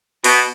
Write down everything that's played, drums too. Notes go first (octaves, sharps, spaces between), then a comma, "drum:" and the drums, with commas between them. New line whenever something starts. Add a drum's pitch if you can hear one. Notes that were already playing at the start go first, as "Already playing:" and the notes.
B2, drum: open hi-hat